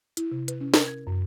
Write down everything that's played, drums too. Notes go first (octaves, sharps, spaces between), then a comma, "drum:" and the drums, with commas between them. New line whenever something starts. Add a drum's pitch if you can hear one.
E4, drum: hi-hat
C3
B4, drum: hi-hat
C#4
A#4, drum: snare
G#6
F#2